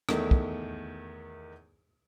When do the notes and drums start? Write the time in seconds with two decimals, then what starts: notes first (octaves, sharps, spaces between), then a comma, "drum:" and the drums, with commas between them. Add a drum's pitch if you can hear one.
0.09 E2 D#3 A3, drum: rim click
0.31 drum: kick